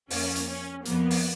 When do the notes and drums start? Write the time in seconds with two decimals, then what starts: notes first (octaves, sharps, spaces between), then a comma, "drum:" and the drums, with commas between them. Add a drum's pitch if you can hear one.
0.10 F2 F3 A#3 C#4, drum: open hi-hat
0.36 drum: hi-hat
0.48 C#4
0.85 F2 F3 A#3 B3, drum: hi-hat
1.11 drum: open hi-hat